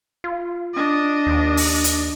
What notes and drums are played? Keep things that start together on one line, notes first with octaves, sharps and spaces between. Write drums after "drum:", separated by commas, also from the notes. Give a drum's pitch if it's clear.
F4
D4 D#5
D#2
drum: open hi-hat
drum: hi-hat